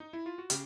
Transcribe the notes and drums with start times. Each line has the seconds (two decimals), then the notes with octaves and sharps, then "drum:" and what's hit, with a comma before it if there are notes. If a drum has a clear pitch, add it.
0.00 D#4
0.13 E4
0.26 F4
0.38 F#4
0.50 C#3 G4, drum: hi-hat